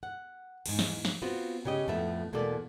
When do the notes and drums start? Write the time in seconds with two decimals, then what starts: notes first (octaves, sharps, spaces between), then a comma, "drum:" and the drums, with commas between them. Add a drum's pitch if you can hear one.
0.03 F#5
0.66 E2 G#2, drum: cymbal
0.79 drum: snare
1.05 drum: snare
1.22 B3 C4 F4 F#4
1.65 C#3 C#4 G4 D#5
1.88 F2 A2 A3 B3 E5
2.33 E2 B2 A#3 B3 A4 D5